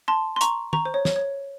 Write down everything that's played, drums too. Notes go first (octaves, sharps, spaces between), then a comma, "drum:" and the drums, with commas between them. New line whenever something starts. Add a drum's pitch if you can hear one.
A5 C6
C6
A#5 C#6, drum: hi-hat
A#5 C#6, drum: tom
C5
C#5
C#5, drum: snare
C#5